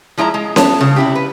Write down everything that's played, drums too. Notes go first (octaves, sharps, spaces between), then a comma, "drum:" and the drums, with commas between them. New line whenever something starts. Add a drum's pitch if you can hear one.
F3 G#3 E4 C#5 A#5
G#3
B3 C#5 E5 A5, drum: snare C#4
C#3
C3 E4 G4
B4